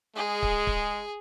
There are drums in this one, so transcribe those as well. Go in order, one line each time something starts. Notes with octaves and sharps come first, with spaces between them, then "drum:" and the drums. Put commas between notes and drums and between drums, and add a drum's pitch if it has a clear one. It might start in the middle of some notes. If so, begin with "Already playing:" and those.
G#3 G#4
drum: kick
drum: kick